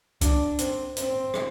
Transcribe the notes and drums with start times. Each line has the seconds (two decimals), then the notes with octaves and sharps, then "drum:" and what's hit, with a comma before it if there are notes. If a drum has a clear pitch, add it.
0.21 D4, drum: kick C#2, hi-hat
0.59 C4, drum: hi-hat
0.97 C4, drum: hi-hat
1.34 drum: rim click